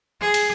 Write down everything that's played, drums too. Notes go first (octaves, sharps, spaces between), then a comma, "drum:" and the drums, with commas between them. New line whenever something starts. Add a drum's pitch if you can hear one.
G#4
drum: cymbal